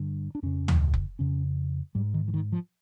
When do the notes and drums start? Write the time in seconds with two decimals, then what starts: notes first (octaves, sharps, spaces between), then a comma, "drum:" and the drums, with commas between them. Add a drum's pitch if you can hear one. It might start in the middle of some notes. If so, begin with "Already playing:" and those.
Already playing: G2 D3
0.35 D4
0.43 F2 C#3 C#4
0.68 drum: tom
0.94 drum: kick F1
1.19 F2 C#3 C#4
1.95 G#2 G3
2.14 D#3
2.28 E3
2.34 D#3
2.52 F3